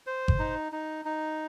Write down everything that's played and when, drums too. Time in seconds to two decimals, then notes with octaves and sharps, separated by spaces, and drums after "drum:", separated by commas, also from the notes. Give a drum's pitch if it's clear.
0.07 C5
0.28 drum: kick G1
0.39 D#4
0.72 D#4
1.05 D#4